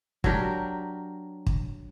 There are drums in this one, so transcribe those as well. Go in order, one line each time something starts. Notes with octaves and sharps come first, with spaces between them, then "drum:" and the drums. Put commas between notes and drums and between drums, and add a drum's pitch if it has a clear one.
F#3 D4 G4 A#4, drum: kick
drum: kick